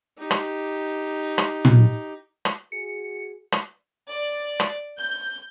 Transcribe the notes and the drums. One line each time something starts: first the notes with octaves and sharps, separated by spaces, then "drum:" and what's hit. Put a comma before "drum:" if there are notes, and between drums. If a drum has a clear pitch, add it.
D#4 G4
drum: rim click
drum: rim click
drum: tom A#2
drum: rim click
F#4 G#4 C#7
drum: rim click
D5
drum: rim click
G6